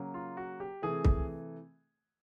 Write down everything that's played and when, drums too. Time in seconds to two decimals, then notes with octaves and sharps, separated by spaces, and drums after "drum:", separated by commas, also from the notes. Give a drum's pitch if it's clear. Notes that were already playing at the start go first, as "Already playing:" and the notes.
Already playing: C#3 F#3 A#3
0.14 F4
0.37 F#4
0.60 G4
0.82 C3 E3 A3 G#4
1.04 drum: kick C2